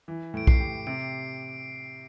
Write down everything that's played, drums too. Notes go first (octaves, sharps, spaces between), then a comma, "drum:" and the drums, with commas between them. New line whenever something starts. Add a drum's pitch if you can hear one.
E3
A2 D7
C7, drum: kick B1
G4
C3 D7